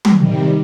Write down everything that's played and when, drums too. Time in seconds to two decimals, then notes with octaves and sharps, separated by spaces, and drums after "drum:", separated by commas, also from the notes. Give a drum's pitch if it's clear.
0.05 drum: tom
0.16 C3 D#3 G3